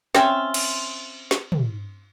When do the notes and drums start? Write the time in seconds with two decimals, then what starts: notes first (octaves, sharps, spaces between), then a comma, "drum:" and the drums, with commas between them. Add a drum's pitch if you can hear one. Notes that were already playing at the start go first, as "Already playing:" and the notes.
0.15 C4 C#4 F4 E5, drum: snare
0.54 drum: cymbal
1.31 drum: snare
1.52 drum: tom